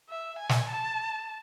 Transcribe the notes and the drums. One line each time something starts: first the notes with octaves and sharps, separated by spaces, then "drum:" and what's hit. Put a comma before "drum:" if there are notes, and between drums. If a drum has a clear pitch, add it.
E5
G#5
drum: snare
A5